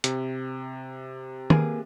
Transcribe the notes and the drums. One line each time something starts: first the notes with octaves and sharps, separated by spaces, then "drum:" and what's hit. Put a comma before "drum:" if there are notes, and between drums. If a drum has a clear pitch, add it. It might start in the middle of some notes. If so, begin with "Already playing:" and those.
C3, drum: hi-hat
A#3 G#4 B4, drum: tom D#3